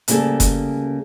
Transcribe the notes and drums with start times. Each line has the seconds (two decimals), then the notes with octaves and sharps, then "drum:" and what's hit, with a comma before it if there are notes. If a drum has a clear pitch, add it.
0.08 D2 C#3 G3 A#3 G#4 A4, drum: hi-hat
0.40 drum: kick F#1, hi-hat